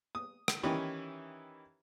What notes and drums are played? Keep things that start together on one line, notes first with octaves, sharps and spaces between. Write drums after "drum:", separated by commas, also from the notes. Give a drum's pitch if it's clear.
D#6
drum: rim click
D#3 E3 C#4 E4 G4 B4